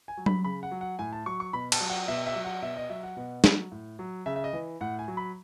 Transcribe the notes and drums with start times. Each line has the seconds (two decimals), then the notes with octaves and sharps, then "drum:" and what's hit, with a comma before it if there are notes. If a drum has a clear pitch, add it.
0.08 G#5
0.17 F#3
0.26 B5, drum: tom F#3
0.44 C#3 B5
0.63 F#5
0.71 F#3
0.81 F#5
0.99 A2 G#5
1.13 A5
1.26 F#3 C#6
1.40 C#6
1.53 B2 B5
1.72 A5, drum: cymbal
1.81 F#3
1.90 F#5
2.08 B2 E5
2.26 E5
2.36 F#3
2.45 F#5
2.62 B2 E5
2.77 D#5
2.90 F#3 E5
3.03 F#5
3.17 B2
3.44 F#3, drum: snare
3.72 A2
3.99 F#3
4.26 C#3 E5
4.36 E5
4.44 D#5
4.53 E3
4.81 A2 F#5
4.99 G#5
5.08 F#3
5.17 B5